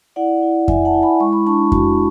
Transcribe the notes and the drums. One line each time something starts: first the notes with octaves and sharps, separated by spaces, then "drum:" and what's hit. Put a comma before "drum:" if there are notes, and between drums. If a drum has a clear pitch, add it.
E4 D5 F#5
E4
E4 E5 G#5, drum: kick F2
F#5 A5
E4
G#5 B5
G#3 C#6
B5
D4 A5 C#6
F#4, drum: kick F2